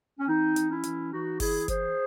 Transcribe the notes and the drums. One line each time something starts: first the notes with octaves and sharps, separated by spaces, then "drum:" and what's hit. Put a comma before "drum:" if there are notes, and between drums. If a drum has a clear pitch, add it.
C#4
E3 C4 D#4
E3, drum: hi-hat
C#4 E4
E3, drum: hi-hat
E3 D#4 F#4
E3 E4 G#4, drum: kick F#1, open hi-hat
E3 G#4 C5, drum: kick F#1, hi-hat